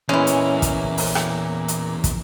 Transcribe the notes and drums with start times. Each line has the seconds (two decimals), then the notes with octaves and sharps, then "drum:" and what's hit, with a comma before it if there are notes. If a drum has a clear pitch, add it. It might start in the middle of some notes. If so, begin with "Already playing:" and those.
0.09 E2 A#2 E3 G#3 C#4
0.27 drum: hi-hat
0.62 drum: kick, hi-hat
0.98 drum: open hi-hat
1.15 drum: rim click
1.68 drum: hi-hat
2.04 drum: kick, hi-hat